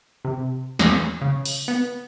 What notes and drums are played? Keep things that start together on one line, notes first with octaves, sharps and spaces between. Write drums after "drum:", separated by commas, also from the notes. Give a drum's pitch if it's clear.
C3
E2, drum: snare
C#3
drum: open hi-hat
B3